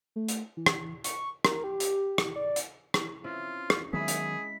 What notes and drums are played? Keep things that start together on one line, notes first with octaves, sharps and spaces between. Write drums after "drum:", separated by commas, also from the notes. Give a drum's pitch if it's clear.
A3
drum: hi-hat
E3
drum: rim click
C#6, drum: hi-hat
A#4, drum: rim click
G4
drum: hi-hat
drum: rim click
D5
drum: hi-hat
drum: rim click
C4 C#4 E4 F4
drum: rim click
D#3 F#3 G#3 B3 G#4 E5 B5 B6
drum: hi-hat